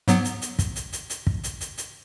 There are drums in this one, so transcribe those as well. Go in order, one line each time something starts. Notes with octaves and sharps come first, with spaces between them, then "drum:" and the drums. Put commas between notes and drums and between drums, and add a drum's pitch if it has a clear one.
G#2 F#3 B3, drum: hi-hat
drum: hi-hat
drum: hi-hat
drum: kick, hi-hat
drum: hi-hat
drum: hi-hat
drum: hi-hat
drum: kick
drum: hi-hat
drum: hi-hat
drum: hi-hat